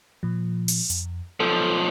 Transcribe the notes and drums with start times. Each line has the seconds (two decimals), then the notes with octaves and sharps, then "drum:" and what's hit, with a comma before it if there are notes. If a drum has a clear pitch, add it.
0.23 A#2 F3
0.68 drum: open hi-hat
0.90 F2, drum: hi-hat
1.40 B1 F3 A4